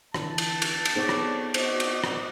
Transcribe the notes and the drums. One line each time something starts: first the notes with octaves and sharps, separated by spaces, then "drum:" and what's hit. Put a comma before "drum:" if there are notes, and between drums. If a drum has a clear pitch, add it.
D3 E3 D4 A5, drum: rim click
drum: cymbal
drum: cymbal
drum: cymbal
B3 C4 D4 D#4 G#4 A4 C#5 D5
drum: rim click
C4 F#4 D5 D#5, drum: cymbal
drum: cymbal
drum: rim click